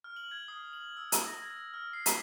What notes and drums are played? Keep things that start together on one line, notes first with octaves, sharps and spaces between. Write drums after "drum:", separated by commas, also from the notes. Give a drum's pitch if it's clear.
F6
F#7
G#6
D#6
F#7
E6
drum: hi-hat
A#6
G#6
F6
C7
B6, drum: hi-hat